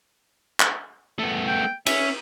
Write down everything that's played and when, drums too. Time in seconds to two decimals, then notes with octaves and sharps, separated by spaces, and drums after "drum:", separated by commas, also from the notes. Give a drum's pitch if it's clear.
0.60 drum: clap
1.19 A3 B3
1.47 G5
1.86 C#4 E5, drum: cymbal